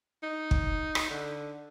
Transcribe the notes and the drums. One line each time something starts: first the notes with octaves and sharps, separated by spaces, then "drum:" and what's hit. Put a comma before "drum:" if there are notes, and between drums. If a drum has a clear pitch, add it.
D#4
drum: kick
drum: rim click
D3